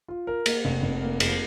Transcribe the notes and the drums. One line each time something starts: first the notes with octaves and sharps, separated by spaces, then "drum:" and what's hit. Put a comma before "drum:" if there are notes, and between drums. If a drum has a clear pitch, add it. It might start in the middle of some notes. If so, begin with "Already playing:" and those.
F4
A#4
A#3, drum: cymbal
F1
F1
A#3
F2, drum: cymbal